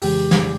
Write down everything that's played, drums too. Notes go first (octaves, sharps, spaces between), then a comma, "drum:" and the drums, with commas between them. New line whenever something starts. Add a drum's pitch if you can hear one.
F2 C#3 E3 G#3 G4, drum: open hi-hat
drum: snare